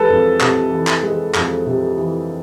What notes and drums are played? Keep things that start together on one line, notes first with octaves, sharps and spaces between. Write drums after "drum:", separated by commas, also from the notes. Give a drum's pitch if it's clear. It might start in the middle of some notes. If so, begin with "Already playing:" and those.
Already playing: E3 G#3 A4 B4
F2
C3, drum: clap
E3
drum: clap
G#3
F2, drum: clap
C3
E3